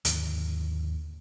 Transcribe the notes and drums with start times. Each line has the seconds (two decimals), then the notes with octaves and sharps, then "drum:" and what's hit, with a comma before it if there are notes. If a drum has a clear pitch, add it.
0.05 D#2 G#2 D3, drum: hi-hat